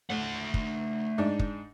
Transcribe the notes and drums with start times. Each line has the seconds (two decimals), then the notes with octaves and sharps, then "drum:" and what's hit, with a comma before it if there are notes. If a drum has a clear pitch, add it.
0.10 A2 A3 F#5
0.54 drum: kick
1.18 G#2 D4 D#4
1.39 drum: kick